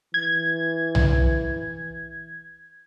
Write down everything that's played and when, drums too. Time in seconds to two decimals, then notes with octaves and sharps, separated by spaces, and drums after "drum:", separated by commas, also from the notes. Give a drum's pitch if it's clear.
0.14 E3 G#6
0.95 drum: tom B1